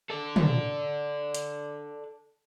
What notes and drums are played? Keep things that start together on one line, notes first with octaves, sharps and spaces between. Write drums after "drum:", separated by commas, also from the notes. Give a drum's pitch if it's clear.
A4 D5
drum: tom
drum: hi-hat